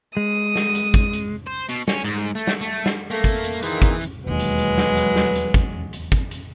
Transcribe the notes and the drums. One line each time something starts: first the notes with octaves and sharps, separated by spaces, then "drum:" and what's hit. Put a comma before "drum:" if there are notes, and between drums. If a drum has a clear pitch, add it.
G#3 D#6
drum: snare
drum: hi-hat
drum: kick, hi-hat
drum: hi-hat
C5
B2, drum: hi-hat
C#4, drum: snare
G#2
A3
drum: snare
A3
drum: snare
A3 A#3
drum: kick, hi-hat
drum: hi-hat
D#3 E3 A#3 C4 G#4, drum: hi-hat
drum: kick, hi-hat
drum: hi-hat
E1 D#2 F#3 G#3 B4
drum: hi-hat
drum: hi-hat
drum: snare
drum: hi-hat
drum: snare
drum: hi-hat
drum: kick, hi-hat
drum: hi-hat
drum: kick, hi-hat
drum: hi-hat